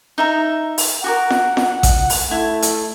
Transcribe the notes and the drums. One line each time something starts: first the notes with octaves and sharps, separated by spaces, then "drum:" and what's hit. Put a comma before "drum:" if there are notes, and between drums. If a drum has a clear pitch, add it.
D#4 E5 A#5
drum: open hi-hat
F#4 G4 A#4 F#5
drum: snare F4
drum: snare F4
drum: kick A1, hi-hat
drum: open hi-hat
A3 E4
drum: hi-hat